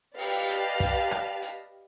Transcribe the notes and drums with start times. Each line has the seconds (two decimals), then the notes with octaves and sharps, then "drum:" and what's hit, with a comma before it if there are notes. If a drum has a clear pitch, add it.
0.18 G4 B4 D5 D#5 F5 A5, drum: open hi-hat
0.49 drum: hi-hat
0.80 drum: kick, hi-hat
1.11 drum: rim click
1.42 drum: hi-hat